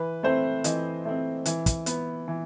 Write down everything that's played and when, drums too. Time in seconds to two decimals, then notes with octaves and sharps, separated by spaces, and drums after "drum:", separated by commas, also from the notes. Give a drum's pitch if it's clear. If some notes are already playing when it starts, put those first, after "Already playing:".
Already playing: E3 B4
0.23 A3 C4 C5
0.64 E3 D#5, drum: hi-hat
1.05 A3 C4
1.46 E3, drum: hi-hat
1.66 drum: kick, hi-hat
1.86 B3, drum: hi-hat
2.28 E3